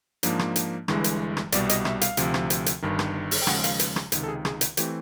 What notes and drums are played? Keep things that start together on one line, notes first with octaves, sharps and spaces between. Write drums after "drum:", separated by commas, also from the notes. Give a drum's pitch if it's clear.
G#2 F3 A#3 D4, drum: hi-hat
drum: rim click
drum: hi-hat
G1 G2 E3 G#3, drum: rim click
drum: hi-hat
drum: rim click
C2 B2 G3 D5, drum: hi-hat
D#5, drum: hi-hat
E5, drum: rim click
F5, drum: hi-hat
D2 C3 F3, drum: hi-hat
drum: rim click
drum: hi-hat
drum: hi-hat
G1 G2 D#3
drum: rim click
drum: open hi-hat
G5
D#2 C#3 F3 G#3 F#5, drum: rim click
F5, drum: hi-hat
B4, drum: hi-hat
drum: rim click
C#2 C3 D#3, drum: hi-hat
A4
G#4
G#4, drum: rim click
drum: hi-hat
E3 A3 C4 G4, drum: hi-hat